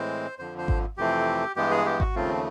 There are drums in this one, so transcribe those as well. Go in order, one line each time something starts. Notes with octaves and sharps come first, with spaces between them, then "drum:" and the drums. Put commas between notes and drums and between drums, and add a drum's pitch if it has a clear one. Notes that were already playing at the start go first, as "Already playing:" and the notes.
Already playing: A2 E3 G#3 C4 C5
F2 D3 F3 C5
C5
drum: kick G#1
F2 C3 E3 A3 C4 G4
G2 E3 G#3 B3 G4
G#4
G4
F#4, drum: kick G#1
D#2 C#3 F3 A3 C4 F4